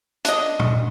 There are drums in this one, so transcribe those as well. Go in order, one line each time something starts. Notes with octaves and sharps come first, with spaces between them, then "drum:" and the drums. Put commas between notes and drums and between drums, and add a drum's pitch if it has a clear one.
D4 D#5, drum: hi-hat
drum: tom